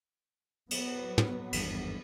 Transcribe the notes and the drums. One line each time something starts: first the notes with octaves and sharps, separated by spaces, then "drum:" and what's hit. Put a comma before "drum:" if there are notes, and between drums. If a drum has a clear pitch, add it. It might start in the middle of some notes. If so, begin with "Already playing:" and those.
F#3 B3, drum: cymbal
drum: tom
G#1 E2 G2, drum: cymbal